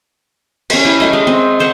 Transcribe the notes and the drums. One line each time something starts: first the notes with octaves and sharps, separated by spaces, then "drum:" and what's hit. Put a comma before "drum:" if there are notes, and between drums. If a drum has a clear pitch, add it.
C#4 G4, drum: cymbal
E4 G5
G3 A3 D#5
G#3
C4 D#5
A4 C5 C#5 F#5